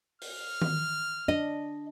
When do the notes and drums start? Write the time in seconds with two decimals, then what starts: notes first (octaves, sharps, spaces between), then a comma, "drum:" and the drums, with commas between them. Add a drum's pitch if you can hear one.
0.22 F6, drum: open hi-hat
0.62 drum: tom D#3
1.28 D4 D#5